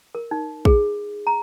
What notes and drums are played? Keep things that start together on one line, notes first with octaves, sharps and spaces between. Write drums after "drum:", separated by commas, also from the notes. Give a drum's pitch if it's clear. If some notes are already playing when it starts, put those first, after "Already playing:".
A#4
D#4
G#4, drum: kick
A#5